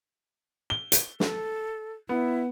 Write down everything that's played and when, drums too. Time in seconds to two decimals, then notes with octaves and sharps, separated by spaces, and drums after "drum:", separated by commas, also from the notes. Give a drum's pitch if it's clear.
0.70 G7
0.92 drum: hi-hat
1.20 A4, drum: snare
2.09 B3 E4